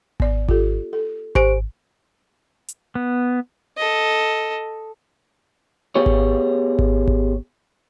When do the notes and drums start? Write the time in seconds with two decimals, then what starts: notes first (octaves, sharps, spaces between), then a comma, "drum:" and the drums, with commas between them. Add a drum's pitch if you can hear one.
0.20 B3 D5, drum: kick G#1
0.49 F4 G4 A4, drum: kick G#1
0.93 A4
1.35 G4 C5 G#5 D7, drum: kick G#1
2.68 drum: hi-hat
2.95 B3
3.78 A4 D#5
5.95 B3 G4 G#4 C#5
6.06 drum: kick G#1
6.79 drum: kick G#1
7.08 drum: kick G#1